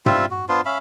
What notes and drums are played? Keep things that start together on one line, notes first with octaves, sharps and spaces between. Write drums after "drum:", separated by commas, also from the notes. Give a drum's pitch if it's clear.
G3 C4 F4 E5, drum: tom
F#4
B3 D4 F4 C5
C#4 E5 F5 B5